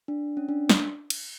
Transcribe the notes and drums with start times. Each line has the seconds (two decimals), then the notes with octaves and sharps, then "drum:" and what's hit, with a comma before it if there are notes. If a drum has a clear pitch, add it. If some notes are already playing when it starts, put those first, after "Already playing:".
0.08 D4
0.37 C#4
0.49 D4
0.70 drum: snare
1.10 drum: cymbal